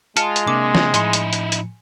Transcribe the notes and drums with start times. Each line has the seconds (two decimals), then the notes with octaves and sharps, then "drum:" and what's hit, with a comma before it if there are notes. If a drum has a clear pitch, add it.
0.17 G#3 F4 A5 F6 C#7, drum: hi-hat
0.36 drum: hi-hat
0.47 C3 A#3 D4 D6
0.75 drum: snare
0.94 A2 F3 D#4 E4 G#5 C6 C#7, drum: hi-hat
1.13 drum: hi-hat
1.33 drum: hi-hat
1.52 drum: hi-hat